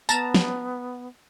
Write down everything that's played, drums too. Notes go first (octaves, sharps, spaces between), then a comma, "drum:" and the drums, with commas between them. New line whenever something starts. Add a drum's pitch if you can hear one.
B3 A5 A#5, drum: tambourine
drum: snare